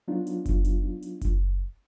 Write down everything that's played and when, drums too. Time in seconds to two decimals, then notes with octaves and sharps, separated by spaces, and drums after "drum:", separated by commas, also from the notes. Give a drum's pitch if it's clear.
0.08 F#3 B3 D4 D#4 F4
0.27 drum: hi-hat
0.46 drum: kick F#1, hi-hat
0.65 drum: hi-hat
1.02 drum: hi-hat
1.21 drum: kick F#1, hi-hat